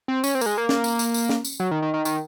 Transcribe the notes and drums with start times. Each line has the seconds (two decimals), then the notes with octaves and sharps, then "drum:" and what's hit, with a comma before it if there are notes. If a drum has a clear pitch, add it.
0.08 C4
0.24 C#4, drum: tambourine
0.35 C4
0.41 A#3, drum: tambourine
0.46 G#3
0.58 A#3
0.69 A#3, drum: snare
0.84 drum: tambourine
0.99 drum: tambourine
1.14 drum: tambourine
1.29 drum: snare
1.45 drum: tambourine
1.60 F#3
1.71 D#3
1.82 D#3
1.94 D#3
2.05 D#3, drum: tambourine